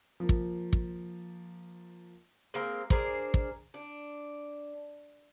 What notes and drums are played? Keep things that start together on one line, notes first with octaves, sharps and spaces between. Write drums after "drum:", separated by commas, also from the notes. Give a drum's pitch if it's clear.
F3 A#3
drum: kick
drum: kick
G#3 A#3 C4
D4 G#4 A#4 C5, drum: kick
drum: kick
D4